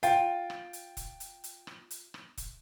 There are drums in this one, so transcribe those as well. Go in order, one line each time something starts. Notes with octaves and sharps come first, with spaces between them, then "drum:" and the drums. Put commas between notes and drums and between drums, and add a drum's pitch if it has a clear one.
F4 G5, drum: hi-hat
drum: rim click
drum: hi-hat
drum: kick E1, hi-hat
drum: hi-hat
drum: hi-hat
drum: rim click
drum: hi-hat
drum: rim click
drum: kick E1, hi-hat